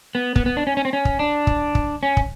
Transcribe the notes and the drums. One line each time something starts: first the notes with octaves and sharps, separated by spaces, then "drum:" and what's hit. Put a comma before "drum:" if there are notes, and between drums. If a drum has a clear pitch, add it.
B3
B3, drum: kick
B3
D4
C#4
C#4
C4
C#4
drum: kick
D4
drum: kick
drum: kick
C#4
drum: kick